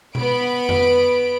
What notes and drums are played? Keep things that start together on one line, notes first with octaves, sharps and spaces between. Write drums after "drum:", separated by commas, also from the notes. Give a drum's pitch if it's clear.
B3 B5 D7, drum: tom B2
drum: tom